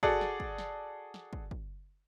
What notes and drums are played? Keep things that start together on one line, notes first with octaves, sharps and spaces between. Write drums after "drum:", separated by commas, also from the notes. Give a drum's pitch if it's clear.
F#4 G#4 A4 D5 F#5, drum: kick
drum: snare
drum: kick
drum: snare
drum: snare
drum: kick
drum: kick